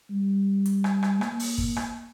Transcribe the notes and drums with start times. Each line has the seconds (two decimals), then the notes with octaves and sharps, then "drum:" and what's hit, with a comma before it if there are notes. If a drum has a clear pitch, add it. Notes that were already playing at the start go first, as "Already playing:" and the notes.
0.10 G3
0.66 drum: hi-hat
0.84 drum: rim click
1.03 drum: rim click
1.21 A#3, drum: rim click
1.39 drum: open hi-hat
1.58 drum: kick
1.76 drum: rim click